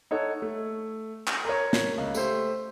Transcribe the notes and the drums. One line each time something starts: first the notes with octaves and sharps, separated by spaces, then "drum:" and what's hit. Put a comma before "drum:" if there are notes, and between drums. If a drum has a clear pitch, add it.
D#4 A4 C#5 F#5
A3
drum: clap
A#4 C#5
drum: snare
C#2
A3 G4 C5, drum: tambourine